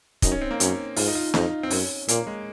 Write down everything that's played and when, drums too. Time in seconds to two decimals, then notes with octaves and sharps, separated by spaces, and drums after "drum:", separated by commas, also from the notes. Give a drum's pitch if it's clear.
0.22 F#2 D#4, drum: kick, hi-hat
0.32 C#4
0.41 C4
0.51 A#3
0.60 F#2 C#4, drum: hi-hat
0.96 G#2 F4, drum: open hi-hat
1.08 D#4
1.15 F4
1.34 F2 D#4, drum: snare
1.63 C4
1.70 F#2 C#4, drum: open hi-hat
2.08 A#2 A#3, drum: hi-hat
2.27 G#3